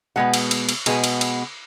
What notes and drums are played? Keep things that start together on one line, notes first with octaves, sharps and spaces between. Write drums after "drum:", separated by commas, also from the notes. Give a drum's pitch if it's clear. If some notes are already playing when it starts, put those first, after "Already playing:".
B2 G#3 B3 F#5
drum: cymbal
drum: cymbal
drum: cymbal
B2 G#3 B3 G#5, drum: cymbal
drum: cymbal
drum: cymbal